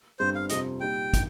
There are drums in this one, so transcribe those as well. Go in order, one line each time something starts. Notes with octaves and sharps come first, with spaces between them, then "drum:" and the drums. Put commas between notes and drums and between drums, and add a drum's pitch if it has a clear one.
G1 G2 G3 C4 C5
F5
F2 C3 G3 C4 F4 D#5, drum: hi-hat
A#2 G3 D#4 G4 G5
D#3, drum: kick, hi-hat